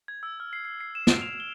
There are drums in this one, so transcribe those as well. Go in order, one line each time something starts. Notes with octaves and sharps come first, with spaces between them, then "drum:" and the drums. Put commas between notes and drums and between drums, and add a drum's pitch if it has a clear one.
G#6
E6
F6
C7
C7
C7
E7
D7, drum: snare
F7
G7